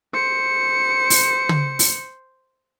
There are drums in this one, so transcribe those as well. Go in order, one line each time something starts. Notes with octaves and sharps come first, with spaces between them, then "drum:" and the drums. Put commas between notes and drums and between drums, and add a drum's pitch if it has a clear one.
C5 C#7
drum: open hi-hat
drum: tom
drum: open hi-hat